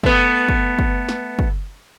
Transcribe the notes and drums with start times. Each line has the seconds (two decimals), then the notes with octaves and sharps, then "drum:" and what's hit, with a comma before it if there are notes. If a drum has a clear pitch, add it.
0.03 A3 B3, drum: kick
0.49 drum: kick
0.79 drum: kick
1.09 drum: snare
1.39 drum: kick